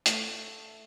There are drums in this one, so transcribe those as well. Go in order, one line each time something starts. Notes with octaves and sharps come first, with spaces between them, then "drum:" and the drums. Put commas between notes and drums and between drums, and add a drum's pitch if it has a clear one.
A3, drum: hi-hat